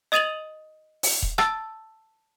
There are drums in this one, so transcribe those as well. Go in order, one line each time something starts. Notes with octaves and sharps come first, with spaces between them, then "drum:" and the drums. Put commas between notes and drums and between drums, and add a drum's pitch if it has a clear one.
D#5 D#6 A6 D#7 F7 F#7
drum: open hi-hat
drum: kick D#1
A5 E6 A6, drum: rim click